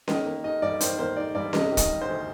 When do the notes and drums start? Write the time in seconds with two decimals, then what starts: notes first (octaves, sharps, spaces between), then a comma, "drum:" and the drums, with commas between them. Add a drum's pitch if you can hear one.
0.08 D#3 D#5, drum: snare C#4
0.26 A#3
0.44 D#4 D#5
0.62 G2 D5
0.81 D#3 C5, drum: hi-hat
0.99 A#3 C5
1.17 D#4 D5
1.35 G2 D5
1.53 C3 D#5, drum: snare C#4
1.71 D#3
1.77 D#5, drum: kick, hi-hat
1.90 G3
2.02 C5
2.08 D2